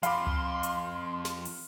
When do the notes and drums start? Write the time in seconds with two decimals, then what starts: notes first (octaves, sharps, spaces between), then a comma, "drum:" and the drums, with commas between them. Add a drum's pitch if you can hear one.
0.03 F2 F5 B5 C6 D6, drum: hi-hat
0.27 drum: tom C#2
0.63 drum: hi-hat
1.25 drum: snare
1.45 drum: open hi-hat